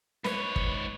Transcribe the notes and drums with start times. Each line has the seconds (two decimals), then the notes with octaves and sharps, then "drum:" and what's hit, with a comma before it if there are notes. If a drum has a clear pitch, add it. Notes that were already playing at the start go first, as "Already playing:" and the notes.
0.24 G#2 B4 C#5, drum: snare
0.56 drum: kick